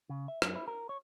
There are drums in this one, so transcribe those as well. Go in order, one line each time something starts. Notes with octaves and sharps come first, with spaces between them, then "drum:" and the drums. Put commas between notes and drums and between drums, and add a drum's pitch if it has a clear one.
C#3
E5
F#2, drum: rim click
E4
A#4
C#5